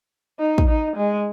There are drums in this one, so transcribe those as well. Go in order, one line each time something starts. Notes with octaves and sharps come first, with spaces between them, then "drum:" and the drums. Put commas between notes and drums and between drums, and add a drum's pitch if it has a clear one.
D#4
drum: kick
D#4
G#3